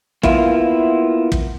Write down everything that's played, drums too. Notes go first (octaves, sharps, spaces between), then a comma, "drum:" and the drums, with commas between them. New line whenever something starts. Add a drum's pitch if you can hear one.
A#3 B3 E4 F4, drum: kick
drum: kick